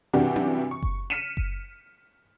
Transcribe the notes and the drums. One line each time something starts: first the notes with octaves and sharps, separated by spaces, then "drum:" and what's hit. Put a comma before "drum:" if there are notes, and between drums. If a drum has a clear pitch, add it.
G2 C3 E3 D4 F#4 G4
drum: tom C#4
C#6
drum: kick F#1
F6 B6 C#7 D#7 E7
drum: kick F#1